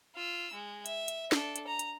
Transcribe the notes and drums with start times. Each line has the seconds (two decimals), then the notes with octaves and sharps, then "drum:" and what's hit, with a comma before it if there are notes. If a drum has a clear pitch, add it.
0.15 F4 E6
0.53 G#3
0.86 E5, drum: hi-hat
1.08 drum: hi-hat
1.32 D4 A4, drum: snare
1.56 drum: hi-hat
1.67 A#5
1.79 drum: hi-hat